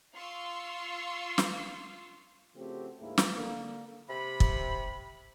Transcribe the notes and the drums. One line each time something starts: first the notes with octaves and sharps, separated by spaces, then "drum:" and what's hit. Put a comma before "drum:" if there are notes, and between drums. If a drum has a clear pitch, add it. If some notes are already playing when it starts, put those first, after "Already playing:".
F4 F5 C6 C#6 E6
drum: snare
C#3 F3 A3 C4 F#4 G4
D2 G#2 G#3 A#3 E4
drum: snare
D3 A#3
C3 B5
drum: kick